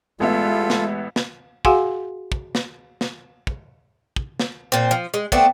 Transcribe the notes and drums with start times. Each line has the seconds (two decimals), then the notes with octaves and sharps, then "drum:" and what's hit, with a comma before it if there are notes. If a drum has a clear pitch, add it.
0.20 A1 G#3 B3 F4 A4 E5
0.70 drum: snare
1.16 drum: snare
1.65 F#4 G#4 F5 F#5 G#5 C6, drum: kick
2.32 drum: kick
2.55 drum: snare
3.01 drum: snare
3.47 drum: kick
4.16 drum: kick
4.40 drum: snare
4.72 A#2 C4
4.91 F3
5.14 G#3
5.32 A3 B3 C4 D4, drum: kick